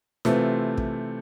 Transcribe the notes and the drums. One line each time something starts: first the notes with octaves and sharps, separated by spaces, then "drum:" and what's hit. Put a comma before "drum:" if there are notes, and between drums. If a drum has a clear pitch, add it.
C3 E3 A3 C4 F4, drum: snare
drum: kick